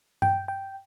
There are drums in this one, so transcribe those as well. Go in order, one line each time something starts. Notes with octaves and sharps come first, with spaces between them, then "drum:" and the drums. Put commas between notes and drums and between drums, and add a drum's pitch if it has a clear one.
G5, drum: tom G2
G5